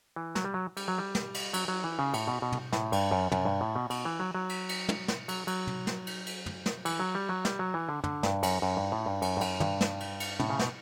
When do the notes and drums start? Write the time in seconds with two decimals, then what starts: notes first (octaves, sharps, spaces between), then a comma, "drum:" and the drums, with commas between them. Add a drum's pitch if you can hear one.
0.16 E3
0.35 F#3, drum: snare
0.44 G3
0.54 F#3
0.77 G3, drum: cymbal
0.88 F#3
0.98 G3
1.15 drum: snare
1.34 drum: cymbal
1.53 F#3, drum: cymbal
1.68 F#3
1.84 E3
1.99 C#3
2.14 A2, drum: cymbal
2.28 B2
2.42 B2
2.52 drum: tom
2.73 A2, drum: snare
2.92 G2, drum: cymbal
3.11 F#2
3.32 F#2, drum: tom
3.45 G2
3.61 A2
3.76 B2
3.90 B2, drum: cymbal
4.05 E3
4.20 F#3
4.35 F#3
4.49 drum: cymbal
4.69 drum: cymbal
4.89 drum: tom
5.08 drum: snare
5.28 F#3, drum: cymbal
5.47 F#3, drum: cymbal
5.67 drum: tom
5.87 drum: snare
6.07 drum: cymbal
6.26 drum: cymbal
6.46 drum: tom
6.66 drum: snare
6.85 E3, drum: cymbal
7.00 F#3
7.15 G3
7.29 F#3
7.45 G3, drum: snare
7.59 F#3
7.74 E3
7.89 D3
8.04 D3, drum: tom
8.23 G2, drum: snare
8.43 F#2, drum: cymbal
8.62 F#2
8.77 G2
8.92 A2
9.06 G2
9.22 F#2, drum: cymbal
9.37 G2
9.41 F#2, drum: cymbal
9.60 G2, drum: tom
9.81 drum: snare
10.00 drum: cymbal
10.20 drum: cymbal
10.40 A2, drum: tom
10.50 C#3
10.59 B2, drum: snare